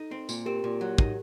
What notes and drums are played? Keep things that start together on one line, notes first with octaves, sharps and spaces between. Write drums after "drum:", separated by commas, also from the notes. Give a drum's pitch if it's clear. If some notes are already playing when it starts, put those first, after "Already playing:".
Already playing: D#4 A4
C4
A#2, drum: tambourine
C4 G4 A#4
A#2
F#3
D#4, drum: kick